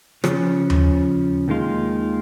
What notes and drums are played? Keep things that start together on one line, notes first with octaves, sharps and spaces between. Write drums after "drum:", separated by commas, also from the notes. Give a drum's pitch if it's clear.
C#3 F3 C#4, drum: rim click
drum: tom D#2
D#2 D#3 G#3 F4